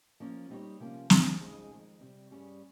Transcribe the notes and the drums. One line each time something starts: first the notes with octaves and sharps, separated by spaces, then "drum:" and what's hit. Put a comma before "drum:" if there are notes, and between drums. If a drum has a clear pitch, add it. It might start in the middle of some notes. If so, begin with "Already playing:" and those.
F3 A#3 C#4 F4
G3 C4 D#4 G4 C#5
C3 F3 A#3 C#4 F4
G#3 D#4 G4, drum: snare
F2 C#3 G#3 D#4 G#4
F2 D#3 G#3
C3 G3 C4
G2 G3 C#4 G#4 C#5